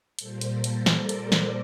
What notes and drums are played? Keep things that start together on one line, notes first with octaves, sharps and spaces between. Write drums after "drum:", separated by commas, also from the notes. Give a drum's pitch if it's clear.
A#2 G3 A#3 A4 C5, drum: hi-hat
drum: hi-hat
A4 C5
drum: hi-hat
A#4 D5, drum: snare
drum: hi-hat
A#4 D5
drum: snare